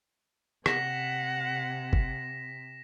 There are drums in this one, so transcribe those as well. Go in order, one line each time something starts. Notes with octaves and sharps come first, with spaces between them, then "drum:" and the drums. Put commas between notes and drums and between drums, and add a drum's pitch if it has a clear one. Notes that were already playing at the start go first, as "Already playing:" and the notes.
C3 F#5 A#6 B6 E7, drum: rim click
drum: kick